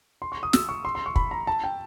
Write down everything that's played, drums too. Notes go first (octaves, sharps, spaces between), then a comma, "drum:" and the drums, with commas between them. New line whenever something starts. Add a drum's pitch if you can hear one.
C6
C#6
D#6
E6, drum: snare
C#6
C6
C6
C#6
B5, drum: kick
A#5
A5
G5